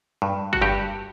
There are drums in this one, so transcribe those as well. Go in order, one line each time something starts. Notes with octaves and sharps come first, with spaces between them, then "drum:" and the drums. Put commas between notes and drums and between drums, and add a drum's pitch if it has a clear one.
G2
F#4, drum: kick G1
G2 G4